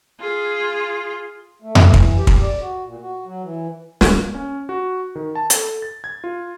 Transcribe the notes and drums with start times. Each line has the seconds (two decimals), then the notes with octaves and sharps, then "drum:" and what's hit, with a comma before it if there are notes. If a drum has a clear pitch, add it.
0.20 F4 G#4
1.62 A3
1.75 drum: tom F2
1.94 E3, drum: kick
2.17 G4
2.27 drum: kick
2.42 D5
2.61 F#4
2.86 A#2
3.01 F#4
3.25 F#3
3.43 E3
4.01 A#3, drum: snare
4.34 C#4
4.69 F#4
5.15 D#3
5.35 A5
5.50 A4, drum: hi-hat
5.82 A6
6.04 G#6
6.24 F4